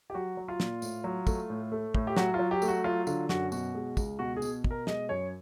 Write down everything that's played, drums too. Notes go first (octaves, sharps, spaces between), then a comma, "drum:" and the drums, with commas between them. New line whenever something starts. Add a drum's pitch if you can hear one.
G4
F#3 F#4
F#3
F4
A#2, drum: snare
A2, drum: tambourine
F#3
A3, drum: kick, tambourine
A2
A3
A2, drum: kick
G4
F#3 F#4, drum: snare
F4
F#3
G4
A3, drum: tambourine
F#4
F#3 F4
D3 F4, drum: tambourine
F#2 F#4, drum: snare
B2 F#4, drum: tambourine
G#3
C#2, drum: kick, tambourine
B2 F#4
G#4
B2, drum: tambourine
B2, drum: kick
A#4
G#3 D#5, drum: snare
F#2 C#5